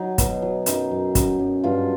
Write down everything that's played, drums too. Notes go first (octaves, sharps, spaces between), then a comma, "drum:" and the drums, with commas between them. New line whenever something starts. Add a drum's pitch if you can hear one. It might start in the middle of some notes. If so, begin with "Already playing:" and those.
Already playing: F#3 D#4
B2, drum: kick, hi-hat
F#3
F#2 D#4, drum: hi-hat
F#2
F#2, drum: kick, hi-hat
F#2
G2 F4